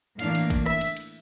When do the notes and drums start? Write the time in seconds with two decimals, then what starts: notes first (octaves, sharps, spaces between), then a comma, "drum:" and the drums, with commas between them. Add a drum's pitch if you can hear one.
0.19 A2 E3 A#3 D4 F5, drum: cymbal
0.35 drum: cymbal
0.50 drum: kick, cymbal
0.66 E5, drum: rim click
0.81 drum: cymbal
0.97 drum: cymbal